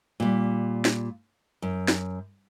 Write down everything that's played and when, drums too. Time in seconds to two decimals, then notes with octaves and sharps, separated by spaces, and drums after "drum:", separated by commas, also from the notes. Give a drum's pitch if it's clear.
0.20 A#2 G3
0.85 drum: snare
1.62 F#2
1.88 drum: snare